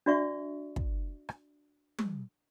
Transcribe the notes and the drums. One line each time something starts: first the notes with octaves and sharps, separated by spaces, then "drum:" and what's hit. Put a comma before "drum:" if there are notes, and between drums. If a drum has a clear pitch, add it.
D4 F#4 D5 E5 C#6
drum: kick
drum: rim click
drum: tom